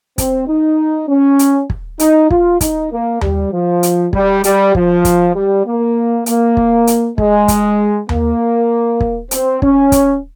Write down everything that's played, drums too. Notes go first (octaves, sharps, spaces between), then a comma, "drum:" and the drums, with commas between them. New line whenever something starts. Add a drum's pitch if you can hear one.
C4, drum: kick, hi-hat
D#4
C#4
drum: hi-hat
drum: kick
D#4, drum: hi-hat
F4, drum: kick
D#4, drum: kick, hi-hat
A#3
G3, drum: tom D#2
F3
drum: hi-hat
G3, drum: kick
G3, drum: hi-hat
F3, drum: kick
drum: kick, hi-hat
G3
A#3
A#3, drum: hi-hat
drum: kick
drum: hi-hat
G#3, drum: kick
drum: kick, hi-hat
A#3, drum: tom D#2
drum: kick
C4, drum: hi-hat
C#4, drum: kick
drum: kick, hi-hat